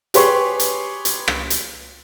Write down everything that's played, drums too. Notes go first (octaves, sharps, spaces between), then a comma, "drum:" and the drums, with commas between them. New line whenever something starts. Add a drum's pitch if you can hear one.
G4 G#4 B4 C#5 C6 C#6, drum: hi-hat
drum: hi-hat
drum: hi-hat
drum: rim click
drum: hi-hat